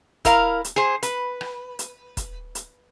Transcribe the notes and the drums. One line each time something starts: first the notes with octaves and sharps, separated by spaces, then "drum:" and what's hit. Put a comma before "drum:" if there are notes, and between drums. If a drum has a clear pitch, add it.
E4 A#4 F5, drum: kick E1, hi-hat
drum: hi-hat
G#4 C5
B4, drum: hi-hat
drum: rim click
drum: hi-hat
drum: kick E1, hi-hat
drum: hi-hat